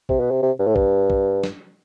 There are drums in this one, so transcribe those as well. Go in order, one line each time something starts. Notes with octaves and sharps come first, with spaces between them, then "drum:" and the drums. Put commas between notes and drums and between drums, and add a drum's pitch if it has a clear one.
C3, drum: kick
B2
C3
C3
G2
A2
G2, drum: kick
drum: kick
drum: snare